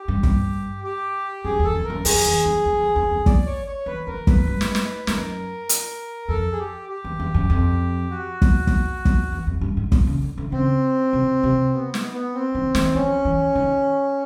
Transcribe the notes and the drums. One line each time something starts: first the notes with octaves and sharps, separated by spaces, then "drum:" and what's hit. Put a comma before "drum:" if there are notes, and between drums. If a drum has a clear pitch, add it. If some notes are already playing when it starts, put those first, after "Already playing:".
Already playing: G4
G2
G2, drum: kick
G4
F#2 G#4
E2
A4
F2
A#4
F#2
F2 G#4, drum: open hi-hat
E2
F2
E2
F2
E2
F2
D5, drum: kick
C#5
C#5
E2 B4
E2 A#4
F2 B4, drum: kick
G2
drum: snare
drum: snare
F#2 A#4, drum: snare
drum: hi-hat
F2 A4
G#4
G4
G4
E2
E2
F#2
F2
F#4
drum: kick
drum: kick
drum: kick
E2
F2
G2
G#2
A#2, drum: kick
C#3
D3
D3
C#3 C4
C3
C3
B3
B3, drum: snare
B3
C4
D#3
E3, drum: snare
F3 C#4
E3
D#3